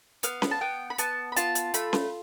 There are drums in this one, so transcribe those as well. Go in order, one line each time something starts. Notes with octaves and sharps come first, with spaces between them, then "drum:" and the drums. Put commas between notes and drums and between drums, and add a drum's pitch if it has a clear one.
B3 F5, drum: hi-hat
B5, drum: snare C#4
A5
B3 G5
B5
B3 A5, drum: hi-hat
B5
F4 A5, drum: hi-hat
drum: hi-hat
A3 B5, drum: hi-hat
drum: snare C#4